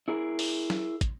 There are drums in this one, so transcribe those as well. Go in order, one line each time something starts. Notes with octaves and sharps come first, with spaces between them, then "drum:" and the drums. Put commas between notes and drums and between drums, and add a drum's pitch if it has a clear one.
E4 G#4 A#4
drum: open hi-hat
drum: snare F#3
drum: kick, hi-hat